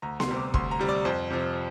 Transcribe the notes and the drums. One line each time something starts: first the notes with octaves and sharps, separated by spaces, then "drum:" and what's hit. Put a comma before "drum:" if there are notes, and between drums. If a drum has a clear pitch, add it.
D2 A#5
C6, drum: snare B3
C3 G3
D6
D2 C6, drum: kick
A#5
C3 G3
D5
F2 C5
C3 F3